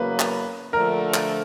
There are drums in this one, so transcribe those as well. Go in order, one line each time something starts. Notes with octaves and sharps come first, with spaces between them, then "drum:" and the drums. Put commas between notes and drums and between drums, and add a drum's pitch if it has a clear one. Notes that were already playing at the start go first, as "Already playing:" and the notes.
Already playing: E2 C#3 F#3 A#3 B4
drum: clap
D3 F3 A3 A#4
drum: clap